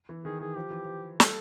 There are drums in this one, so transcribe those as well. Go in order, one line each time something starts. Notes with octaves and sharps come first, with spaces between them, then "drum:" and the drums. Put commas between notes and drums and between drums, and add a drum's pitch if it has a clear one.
E3
D#3 G#4
E3 G#4
F3 G4
E3
F3
G3 A4, drum: snare